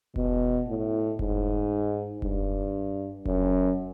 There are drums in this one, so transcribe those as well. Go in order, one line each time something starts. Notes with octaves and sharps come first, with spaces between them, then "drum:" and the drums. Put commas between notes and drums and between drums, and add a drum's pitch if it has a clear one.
B2, drum: kick F1
A2
G#2, drum: kick F1
G2, drum: kick F1
F#2, drum: kick F1